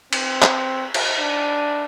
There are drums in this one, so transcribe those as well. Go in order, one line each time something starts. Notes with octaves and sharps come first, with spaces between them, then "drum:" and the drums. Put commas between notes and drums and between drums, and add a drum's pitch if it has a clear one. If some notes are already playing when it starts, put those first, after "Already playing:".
C4, drum: cymbal
drum: clap
drum: cymbal
D4